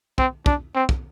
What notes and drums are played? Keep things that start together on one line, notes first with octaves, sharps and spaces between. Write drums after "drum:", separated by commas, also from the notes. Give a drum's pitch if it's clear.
C4, drum: kick
D4, drum: kick
C4
drum: kick